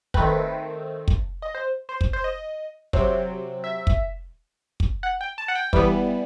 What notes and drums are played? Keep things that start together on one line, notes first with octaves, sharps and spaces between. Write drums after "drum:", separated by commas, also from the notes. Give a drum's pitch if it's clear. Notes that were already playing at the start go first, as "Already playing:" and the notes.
D#3 A3 C4 B4, drum: kick
drum: kick
D#5
C5
C5
drum: kick
C5
D#5
C3 F#3 C4, drum: kick
E5
drum: kick
drum: kick
F#5
G5
A5
F#5
G5
E3 G3 B3, drum: kick